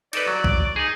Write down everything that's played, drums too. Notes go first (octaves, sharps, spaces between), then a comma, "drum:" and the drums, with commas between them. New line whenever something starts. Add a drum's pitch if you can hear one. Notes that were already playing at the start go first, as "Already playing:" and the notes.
D#4 A4 B4 D5, drum: cymbal
F#3
drum: kick B1
D#4 G#4